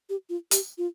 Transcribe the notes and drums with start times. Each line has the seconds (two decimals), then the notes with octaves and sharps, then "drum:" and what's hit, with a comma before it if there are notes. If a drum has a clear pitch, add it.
0.09 G4
0.29 F4
0.51 G4, drum: hi-hat
0.78 F4